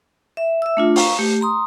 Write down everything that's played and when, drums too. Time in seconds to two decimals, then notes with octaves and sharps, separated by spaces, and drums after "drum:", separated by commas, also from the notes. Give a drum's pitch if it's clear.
0.37 E5
0.62 E5 E6
0.77 A3 D4 F4
0.96 F5 A#5 C#6, drum: open hi-hat
1.19 A3 G4
1.41 A#5 C6 D#6